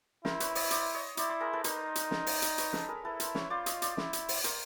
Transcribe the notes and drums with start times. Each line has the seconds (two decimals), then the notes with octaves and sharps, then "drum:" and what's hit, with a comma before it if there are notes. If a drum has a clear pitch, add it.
0.25 E4 A#4 C5, drum: snare
0.40 B4 C#5, drum: hi-hat
0.55 C#5 D#5, drum: open hi-hat
0.71 C5 D5, drum: hi-hat
0.94 C#5 D#5
1.17 E4 C5 D5, drum: hi-hat
1.29 C5 D5
1.40 G#4 A#4
1.53 A4 B4
1.64 D#4 A#4 C5, drum: hi-hat
1.95 drum: hi-hat
2.11 drum: snare
2.27 drum: open hi-hat
2.42 drum: hi-hat
2.58 B4 C#5, drum: hi-hat
2.73 A4 B4, drum: snare
2.89 G#4 A#4
3.05 E4 A4 B4
3.20 A#4 C5, drum: hi-hat
3.35 B4 C#5, drum: snare
3.50 F4 C5 D5
3.66 C#5 D#5, drum: hi-hat
3.82 C5 D5, drum: hi-hat
3.97 E4, drum: snare
4.13 drum: hi-hat
4.29 drum: open hi-hat
4.44 A#4 C5, drum: hi-hat